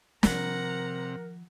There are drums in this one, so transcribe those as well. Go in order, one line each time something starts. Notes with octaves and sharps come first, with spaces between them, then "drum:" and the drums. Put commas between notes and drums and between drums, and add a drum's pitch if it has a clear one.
C3 D#3 F3 A#4 F#5 A#5, drum: snare